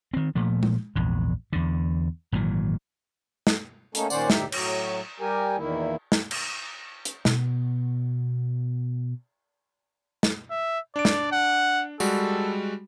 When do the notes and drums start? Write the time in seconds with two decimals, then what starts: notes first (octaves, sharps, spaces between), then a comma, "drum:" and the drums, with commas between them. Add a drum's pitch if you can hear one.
0.14 D#3 C4
0.35 A#2 F3 A3
0.63 drum: tom G#3
0.96 A#1 E2 G#2
1.53 E2 D3
2.32 G#1 A#2 E3 F#3
3.47 drum: snare
3.95 A3 A#3 C#4 D#4 A4, drum: hi-hat
4.10 A#2 D#3 C#4 C5 D5 F#5, drum: tambourine
4.30 D2 A2 D#4 G4 E5, drum: snare
4.52 A2 F#3 C#5, drum: cymbal
5.20 G3 G4 A#4 G#5
5.57 E2 A#2 D#3 A#3 E4
6.12 drum: snare
6.31 drum: cymbal
7.05 drum: hi-hat
7.25 B2 B3, drum: snare
10.23 drum: snare
10.51 E5
10.96 D4 D5 D7
11.05 drum: snare
11.32 F#5
12.00 G3 G#3 F#4 A4, drum: tambourine